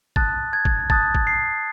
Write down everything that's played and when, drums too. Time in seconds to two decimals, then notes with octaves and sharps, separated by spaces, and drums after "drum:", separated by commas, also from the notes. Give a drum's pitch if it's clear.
0.16 A5 D#6 F#6 A6, drum: kick
0.53 G#6
0.65 drum: kick
0.90 A5 D#6 F#6 A6, drum: kick
1.15 drum: kick
1.27 C7